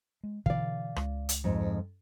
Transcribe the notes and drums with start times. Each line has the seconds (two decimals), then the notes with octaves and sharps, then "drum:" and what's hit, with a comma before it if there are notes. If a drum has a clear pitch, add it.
0.23 G#3
0.46 B2 D3 E3 D5 F5, drum: kick
0.96 C#2, drum: rim click
1.29 drum: hi-hat
1.44 F2 G#2